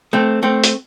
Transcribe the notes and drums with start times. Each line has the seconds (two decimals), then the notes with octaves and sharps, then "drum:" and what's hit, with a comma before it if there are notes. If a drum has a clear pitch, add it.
0.13 A3 C4
0.43 A3 C4
0.64 drum: hi-hat